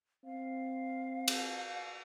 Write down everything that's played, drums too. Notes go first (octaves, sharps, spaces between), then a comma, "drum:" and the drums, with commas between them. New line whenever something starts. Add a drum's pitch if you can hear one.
C4 F5
drum: cymbal